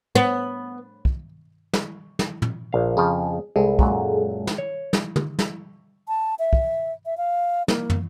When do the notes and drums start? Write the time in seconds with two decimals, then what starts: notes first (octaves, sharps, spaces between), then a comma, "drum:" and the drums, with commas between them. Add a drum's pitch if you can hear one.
0.15 B3
1.05 drum: kick
1.73 drum: snare
2.19 drum: snare
2.42 drum: tom
2.73 A#1 F5
2.97 F2 C#3 F3 G#4
3.56 C2 G#3 G#4 A4
3.79 F#2 A#2 F#3, drum: kick
4.47 drum: snare
4.58 C#5
4.93 drum: snare
5.16 drum: tom
5.39 drum: snare
6.08 A5
6.39 E5
6.53 drum: kick
7.06 E5
7.17 F5
7.68 A#3, drum: snare
7.90 drum: tom